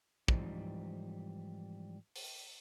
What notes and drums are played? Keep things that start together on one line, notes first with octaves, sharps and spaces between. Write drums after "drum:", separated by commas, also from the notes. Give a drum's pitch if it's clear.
G#2 E3 F3 G3 C4 D#4, drum: kick
drum: open hi-hat